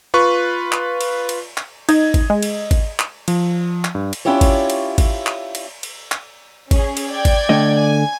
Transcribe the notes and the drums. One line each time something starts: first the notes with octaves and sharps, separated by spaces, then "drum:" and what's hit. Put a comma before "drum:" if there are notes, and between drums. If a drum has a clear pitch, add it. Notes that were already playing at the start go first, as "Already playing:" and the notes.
F4 B4 C#6
drum: clap
drum: cymbal
drum: cymbal
drum: clap
D#4 D#5 G#6, drum: cymbal
drum: kick G#1, cymbal
G#3
drum: cymbal
drum: kick G#1, cymbal
drum: clap
F3, drum: cymbal
drum: clap
G2
drum: cymbal
C#4 D4 E4 F4 G4 C#5
drum: kick G#1, cymbal
drum: cymbal
drum: kick G#1, cymbal
drum: clap
drum: cymbal
drum: cymbal
drum: clap
C#4 G#4, drum: kick G#1, cymbal
drum: cymbal
D5 G5 G#6
drum: kick G#1, cymbal
D3 A3 D#5
G#5